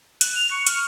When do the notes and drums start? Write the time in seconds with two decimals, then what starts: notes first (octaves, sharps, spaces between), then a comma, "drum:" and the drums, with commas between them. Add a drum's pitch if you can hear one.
0.21 F#6, drum: hi-hat
0.36 F7
0.51 C#6
0.67 F6, drum: hi-hat